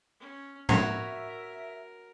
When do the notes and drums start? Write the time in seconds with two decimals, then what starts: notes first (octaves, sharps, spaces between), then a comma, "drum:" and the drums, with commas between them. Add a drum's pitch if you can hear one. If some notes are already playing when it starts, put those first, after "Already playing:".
0.20 C#4
0.69 F#4 A#4 B4 C#5 E5, drum: tom